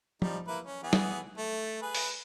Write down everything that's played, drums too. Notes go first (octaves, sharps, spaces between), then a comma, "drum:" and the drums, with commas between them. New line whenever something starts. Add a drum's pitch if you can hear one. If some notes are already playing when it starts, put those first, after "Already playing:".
F3 G3 D#4, drum: tom
A#3 E4 B4
C#4
E3 B3 G#4
drum: snare
A3
G#4 B4
drum: open hi-hat